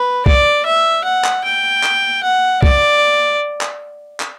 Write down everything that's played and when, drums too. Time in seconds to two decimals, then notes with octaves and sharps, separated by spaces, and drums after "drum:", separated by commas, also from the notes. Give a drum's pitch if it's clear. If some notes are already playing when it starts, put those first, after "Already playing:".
Already playing: B4
0.26 D5, drum: kick
0.66 E5
1.04 F#5
1.24 drum: clap
1.45 G5
1.84 drum: clap
2.23 F#5
2.63 D5, drum: kick
3.61 drum: clap
4.20 drum: clap